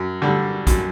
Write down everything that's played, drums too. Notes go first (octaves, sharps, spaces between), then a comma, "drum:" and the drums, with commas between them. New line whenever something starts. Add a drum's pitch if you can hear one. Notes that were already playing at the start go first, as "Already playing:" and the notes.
Already playing: F#2
D3 G3
F#2, drum: kick, hi-hat